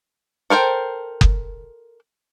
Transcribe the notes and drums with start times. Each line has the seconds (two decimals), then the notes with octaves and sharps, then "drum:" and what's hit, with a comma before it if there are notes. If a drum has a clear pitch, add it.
0.50 A4 A#4 C5 G5
1.21 drum: kick F#1